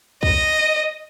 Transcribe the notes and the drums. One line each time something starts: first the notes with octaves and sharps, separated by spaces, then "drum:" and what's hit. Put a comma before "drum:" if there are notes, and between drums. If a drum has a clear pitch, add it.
D#5, drum: kick B1